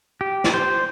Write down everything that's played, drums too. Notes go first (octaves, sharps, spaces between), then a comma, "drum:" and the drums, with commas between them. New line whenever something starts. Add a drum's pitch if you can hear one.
G4
drum: snare
C5